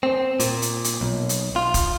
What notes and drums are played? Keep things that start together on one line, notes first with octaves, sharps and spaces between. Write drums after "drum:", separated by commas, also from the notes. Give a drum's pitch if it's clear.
C4
A#2, drum: hi-hat
drum: hi-hat
drum: hi-hat
B1
drum: hi-hat
F4
drum: kick, hi-hat